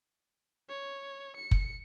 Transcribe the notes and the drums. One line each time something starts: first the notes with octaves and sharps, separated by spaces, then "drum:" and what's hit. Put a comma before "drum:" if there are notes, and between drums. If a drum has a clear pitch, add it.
C#5
C#7
drum: kick